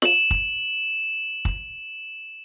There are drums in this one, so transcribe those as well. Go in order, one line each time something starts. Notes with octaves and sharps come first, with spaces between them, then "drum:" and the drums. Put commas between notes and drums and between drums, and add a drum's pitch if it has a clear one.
E7 F#7, drum: snare
drum: kick
drum: kick